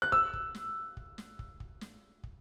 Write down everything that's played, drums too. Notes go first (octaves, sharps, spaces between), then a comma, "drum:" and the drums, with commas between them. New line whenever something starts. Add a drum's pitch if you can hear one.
F#6
E6, drum: kick
drum: kick
drum: snare
drum: kick
drum: snare
drum: kick
drum: kick
drum: snare
drum: kick